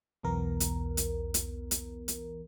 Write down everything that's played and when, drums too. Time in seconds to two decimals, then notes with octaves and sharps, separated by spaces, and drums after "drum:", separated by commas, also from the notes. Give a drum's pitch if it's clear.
0.23 B1 E2 E3 B3 A#4
0.60 drum: hi-hat
0.97 drum: hi-hat
1.34 drum: hi-hat
1.71 drum: hi-hat
2.08 drum: hi-hat